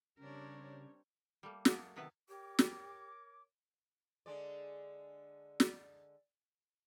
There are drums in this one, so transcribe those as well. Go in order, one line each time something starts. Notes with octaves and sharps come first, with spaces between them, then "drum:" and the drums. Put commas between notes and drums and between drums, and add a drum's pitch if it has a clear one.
C#3 G3 C4 D4 A#4 C#5
G3 A3 A#3
F#3 A3 A#3 F#4 G#4 A#4, drum: snare
C3 D#3 B3 B4 E5 A5
G4 A#4 C#5 D6
drum: snare
D3 G#3 D5
drum: snare